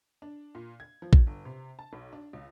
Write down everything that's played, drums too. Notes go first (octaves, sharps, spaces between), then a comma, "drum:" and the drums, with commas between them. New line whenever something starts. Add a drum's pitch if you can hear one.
D4
A#2
G#6
F3
drum: kick A#1
G1
C3
A5
B1
D4
C#2